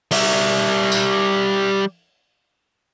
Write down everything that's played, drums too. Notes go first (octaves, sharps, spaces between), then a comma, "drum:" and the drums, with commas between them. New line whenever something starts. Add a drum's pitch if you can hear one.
G3 E5, drum: open hi-hat
drum: tambourine